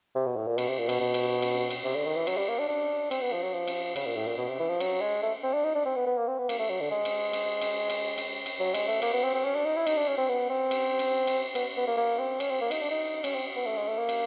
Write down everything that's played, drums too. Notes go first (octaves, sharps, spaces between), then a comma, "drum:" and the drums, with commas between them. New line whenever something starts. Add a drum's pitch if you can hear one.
C3
B2
A2
A#2
B2, drum: cymbal
C3
A#2
B2, drum: cymbal
B2
drum: cymbal
drum: cymbal
drum: cymbal
C3
D3
D#3
E3
F#3, drum: cymbal
G3
A#3
D4
D4
C4, drum: cymbal
B3
F3
F#3
F3
drum: cymbal
C#3, drum: cymbal
A#2
A2
A#2
B2
C3
E3
F3
F#3, drum: cymbal
G#3
A3
C4
D4
D#4
D4
C4
B3
B3
A#3
C4
B3
A#3, drum: cymbal
A3
F#3
D3
G#3
drum: cymbal
drum: cymbal
drum: cymbal
drum: cymbal
drum: cymbal
drum: cymbal
F#3
G#3, drum: cymbal
A3
A#3, drum: cymbal
B3
C4
C4
C#4
D4
D#4
E4
D#4, drum: cymbal
D4
C#4
C4
B3
C4
drum: cymbal
drum: cymbal
drum: cymbal
B3, drum: cymbal
B3
A#3
A#3
C4
C#4, drum: cymbal
C4
A#3
D#4, drum: cymbal
D4
D#4
C#4, drum: cymbal
C4
B3
A3
G#3
A3
A#3
drum: cymbal